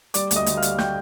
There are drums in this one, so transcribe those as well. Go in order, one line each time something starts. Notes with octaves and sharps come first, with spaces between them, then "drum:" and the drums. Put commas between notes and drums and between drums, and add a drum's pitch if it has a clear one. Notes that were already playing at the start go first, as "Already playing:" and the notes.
G3 D5 D6, drum: hi-hat
D2, drum: hi-hat
D#5 D#6
D2, drum: hi-hat
F5 F6
G3, drum: hi-hat
G5 G6, drum: snare